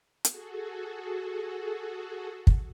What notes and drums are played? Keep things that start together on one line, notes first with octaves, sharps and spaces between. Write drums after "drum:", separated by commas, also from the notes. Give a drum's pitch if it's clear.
F#4 G#4 A4, drum: hi-hat
drum: kick